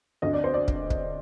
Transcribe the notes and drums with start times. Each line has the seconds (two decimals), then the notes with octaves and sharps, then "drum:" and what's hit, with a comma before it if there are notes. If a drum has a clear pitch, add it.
0.22 D2 D3 D#5
0.33 D5
0.44 C5
0.54 D5
0.68 drum: kick
0.90 drum: kick